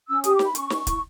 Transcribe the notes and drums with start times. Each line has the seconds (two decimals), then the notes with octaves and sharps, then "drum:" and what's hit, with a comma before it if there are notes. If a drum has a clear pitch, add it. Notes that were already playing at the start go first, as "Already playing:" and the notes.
0.08 C#4 E6
0.24 G4 D#6, drum: hi-hat
0.34 D6
0.39 E4, drum: snare
0.45 B5
0.55 C#4 C#6, drum: hi-hat
0.70 C#4, drum: snare
0.87 E4, drum: kick, hi-hat